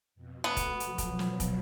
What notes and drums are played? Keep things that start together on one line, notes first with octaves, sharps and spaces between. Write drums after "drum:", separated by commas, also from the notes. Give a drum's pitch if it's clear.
F2 B2
A3 B3 F#4
drum: kick, hi-hat
B2 F3 F#3, drum: hi-hat
drum: kick, hi-hat
drum: snare
drum: kick, hi-hat